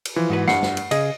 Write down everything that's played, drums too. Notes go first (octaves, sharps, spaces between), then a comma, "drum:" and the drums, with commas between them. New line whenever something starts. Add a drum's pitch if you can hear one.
drum: cymbal
E3 F3
G#2 F#4 B4
G2 F#5 C7, drum: snare
drum: snare
drum: cymbal
C#3 G#4 D#5, drum: cymbal